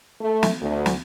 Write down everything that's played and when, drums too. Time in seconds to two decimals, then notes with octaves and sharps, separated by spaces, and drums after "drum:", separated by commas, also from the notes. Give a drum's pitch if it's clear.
0.21 A3
0.43 drum: snare
0.61 D2
0.86 drum: snare